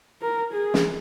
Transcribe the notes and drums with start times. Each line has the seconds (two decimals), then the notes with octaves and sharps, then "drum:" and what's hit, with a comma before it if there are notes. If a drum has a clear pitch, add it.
0.22 A#4
0.53 G#4
0.74 drum: snare